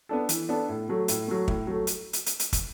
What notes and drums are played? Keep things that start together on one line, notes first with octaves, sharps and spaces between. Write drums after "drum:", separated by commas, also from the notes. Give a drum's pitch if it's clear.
B3 D4 A4
E3, drum: hi-hat
B3 D4 A4
A2
F#3 A3
A2, drum: hi-hat
F#3 A3
A2, drum: kick
F#3 A3
drum: hi-hat
drum: hi-hat
drum: hi-hat
drum: hi-hat
drum: kick, hi-hat